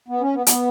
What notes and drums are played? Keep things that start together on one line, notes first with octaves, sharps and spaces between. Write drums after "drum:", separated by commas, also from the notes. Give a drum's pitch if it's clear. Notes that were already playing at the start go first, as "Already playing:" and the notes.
B3
C#4
B3
B3, drum: hi-hat